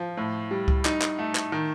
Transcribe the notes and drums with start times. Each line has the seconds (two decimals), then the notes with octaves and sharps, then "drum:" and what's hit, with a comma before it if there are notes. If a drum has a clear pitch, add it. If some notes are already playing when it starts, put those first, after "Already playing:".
Already playing: F3
0.17 A2
0.51 G3
0.68 drum: kick C#2
0.85 D#4, drum: clap
1.02 drum: clap
1.19 A3
1.35 drum: clap
1.52 D#3